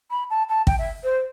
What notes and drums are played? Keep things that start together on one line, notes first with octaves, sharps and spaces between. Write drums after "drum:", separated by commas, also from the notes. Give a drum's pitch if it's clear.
B5
A5
A5
G5, drum: kick
E5
C5